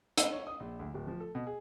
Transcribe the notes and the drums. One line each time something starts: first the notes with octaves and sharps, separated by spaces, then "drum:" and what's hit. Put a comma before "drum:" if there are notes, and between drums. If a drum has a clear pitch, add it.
E6, drum: hi-hat
C#5
D#6
A#1
D2
D1
F3
A4
B2
G#4